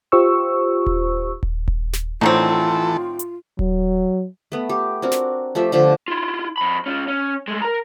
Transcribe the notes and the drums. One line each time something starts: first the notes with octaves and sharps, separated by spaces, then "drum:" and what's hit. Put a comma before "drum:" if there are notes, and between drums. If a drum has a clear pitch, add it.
F4 G4 C5 C#6 E6
drum: kick D#1
drum: kick D#1
drum: kick D#1
drum: snare
A2 D#3 E3 F#3 C4 D4 F4 A4
drum: hi-hat
F#3, drum: kick D#1
A3 B3
G4
C4 D4 F#4 A#4
drum: snare
F3 A3 G4 E5
D3 F3 A3 C5
E4 F4
F2 B5
C#4 F4
C#4
G#3 A3
A#4 A#5